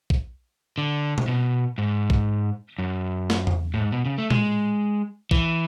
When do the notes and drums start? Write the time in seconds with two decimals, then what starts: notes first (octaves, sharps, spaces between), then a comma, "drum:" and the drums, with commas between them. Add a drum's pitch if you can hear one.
0.10 drum: kick A#1
0.78 D3
1.18 drum: tom A#2
1.28 B2
1.78 G#2
2.10 drum: kick A#1
2.79 F#2
3.30 drum: snare
3.47 drum: tom E2
3.74 A2
3.80 G#2
3.93 B2
4.06 C#3
4.18 A3
4.30 G#3, drum: tom A#2
5.31 E3, drum: kick A#1